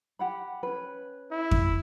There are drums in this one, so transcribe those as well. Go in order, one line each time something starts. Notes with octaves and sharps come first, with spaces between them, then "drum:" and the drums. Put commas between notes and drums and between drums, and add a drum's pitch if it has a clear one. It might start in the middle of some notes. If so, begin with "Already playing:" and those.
G4 F#5 B5
C#4 B4
E4
drum: kick F2